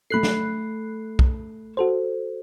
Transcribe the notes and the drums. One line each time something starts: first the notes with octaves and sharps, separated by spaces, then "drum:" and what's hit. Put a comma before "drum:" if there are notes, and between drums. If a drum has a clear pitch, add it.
A3 A4 B5 F#6 C7
drum: snare
drum: kick
F#4 A4 C5